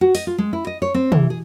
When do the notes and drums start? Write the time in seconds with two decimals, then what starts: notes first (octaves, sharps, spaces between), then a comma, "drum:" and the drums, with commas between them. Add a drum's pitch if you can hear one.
0.01 F#4
0.15 D#5, drum: open hi-hat
0.27 F4
0.38 G#3
0.53 E4
0.67 D#5
0.82 C#5
0.94 C4
1.12 E3, drum: tom
1.30 G#4